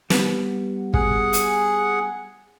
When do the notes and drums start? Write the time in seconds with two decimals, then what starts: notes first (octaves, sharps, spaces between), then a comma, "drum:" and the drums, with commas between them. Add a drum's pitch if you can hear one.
0.10 G3 B3, drum: snare
0.94 G#4 F#5, drum: kick
1.33 drum: hi-hat